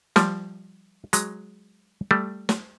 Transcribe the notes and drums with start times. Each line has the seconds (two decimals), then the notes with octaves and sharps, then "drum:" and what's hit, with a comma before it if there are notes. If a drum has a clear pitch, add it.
0.16 F3 G3, drum: snare
1.13 F#3 G#3, drum: hi-hat
2.11 G3 A3
2.49 drum: snare